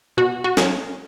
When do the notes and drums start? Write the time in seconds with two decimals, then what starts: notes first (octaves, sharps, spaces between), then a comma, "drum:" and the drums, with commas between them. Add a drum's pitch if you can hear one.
0.17 B2 F#4
0.44 F#4
0.57 F#3, drum: snare